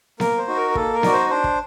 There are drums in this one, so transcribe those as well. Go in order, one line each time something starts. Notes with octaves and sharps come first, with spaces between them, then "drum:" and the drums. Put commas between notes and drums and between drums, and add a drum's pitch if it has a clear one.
A#3 A#4, drum: snare B3
C5
D#4 F#4
A#4
A#4
A#3 A4, drum: kick
A#4
D#4 F#4 D5, drum: snare B3
C5
D4 C5
drum: kick